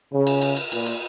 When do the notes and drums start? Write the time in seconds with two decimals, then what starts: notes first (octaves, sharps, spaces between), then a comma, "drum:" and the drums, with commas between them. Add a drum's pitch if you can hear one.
0.12 C#3
0.27 drum: cymbal
0.42 drum: cymbal
0.57 drum: cymbal
0.72 A#2, drum: cymbal
0.87 drum: cymbal